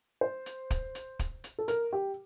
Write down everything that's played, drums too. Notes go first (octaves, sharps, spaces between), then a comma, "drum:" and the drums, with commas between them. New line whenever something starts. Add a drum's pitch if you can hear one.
C5
drum: hi-hat
drum: kick, hi-hat
drum: hi-hat
drum: kick, hi-hat
drum: hi-hat
A4
A#4, drum: hi-hat
G4